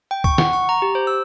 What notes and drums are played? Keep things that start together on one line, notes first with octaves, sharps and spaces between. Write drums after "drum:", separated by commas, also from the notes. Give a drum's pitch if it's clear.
G5
C#6, drum: kick
F#5, drum: snare
C#6
A#5
G4
C5
E6